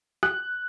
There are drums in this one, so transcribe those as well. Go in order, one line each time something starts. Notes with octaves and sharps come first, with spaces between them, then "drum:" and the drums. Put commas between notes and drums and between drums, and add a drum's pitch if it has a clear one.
F#6, drum: rim click